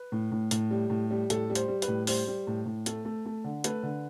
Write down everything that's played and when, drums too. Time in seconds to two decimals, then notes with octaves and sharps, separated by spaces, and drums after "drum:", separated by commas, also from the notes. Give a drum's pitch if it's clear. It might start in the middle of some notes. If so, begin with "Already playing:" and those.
Already playing: B4
0.12 A2
0.32 A2
0.51 A2, drum: hi-hat
0.71 G3
0.90 A2
1.11 G3
1.30 A2 A4, drum: hi-hat
1.50 G3
1.55 C5, drum: hi-hat
1.68 G3
1.82 B4, drum: hi-hat
1.88 A2
2.07 G3 C5, drum: open hi-hat
2.27 G3
2.47 A2
2.66 A2
2.86 A3, drum: hi-hat
3.05 A3
3.25 A3
3.44 D3
3.64 A3 B4, drum: hi-hat
3.83 D3